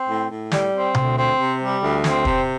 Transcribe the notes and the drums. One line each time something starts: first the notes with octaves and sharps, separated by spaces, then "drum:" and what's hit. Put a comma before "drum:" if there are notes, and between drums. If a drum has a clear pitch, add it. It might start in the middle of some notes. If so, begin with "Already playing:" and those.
Already playing: C4
A2
A2
G3, drum: snare
C4
D2, drum: tom B2
C4
C3
G3
D2
C4, drum: snare
C3, drum: kick